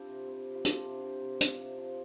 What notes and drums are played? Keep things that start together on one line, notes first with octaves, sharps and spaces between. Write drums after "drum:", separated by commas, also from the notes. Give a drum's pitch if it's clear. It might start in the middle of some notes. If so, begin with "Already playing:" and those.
Already playing: G3 C4 D4 F4 G4
C3
G3 C4
C3
F4
F3 D4, drum: hi-hat
C3
F3 G4
C3
F3, drum: hi-hat
C3
F3